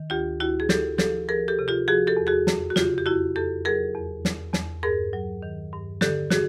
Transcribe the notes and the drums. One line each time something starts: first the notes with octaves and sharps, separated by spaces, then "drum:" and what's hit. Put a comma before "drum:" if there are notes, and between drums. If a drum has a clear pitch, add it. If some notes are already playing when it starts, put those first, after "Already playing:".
Already playing: D#3
D2 F4 G4
D2 E4 F#4
G#4
D2 G4 A4, drum: snare
F3 G4 A4, drum: snare
F3 G#4 A#4
G4 A4
C3
F4 G4
F3 F#4 G#4
G4 A4
E2
F#4 G#4
F2, drum: snare
F#4
C#3 F4 G4, drum: snare
G4
F2 E4 F#4
F2 G4 A4
F#3 G#4 A#4
E2
E2, drum: snare
E2, drum: snare
G2 G#4 A#4
F#3
D#3
G2
D3 G4 A4, drum: snare
F#4 G#4, drum: snare